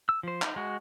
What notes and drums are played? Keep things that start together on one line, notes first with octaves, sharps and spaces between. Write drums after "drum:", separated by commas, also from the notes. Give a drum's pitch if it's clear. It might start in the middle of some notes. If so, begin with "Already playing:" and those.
E6
F3 C5
D#4, drum: clap
G#3 F#4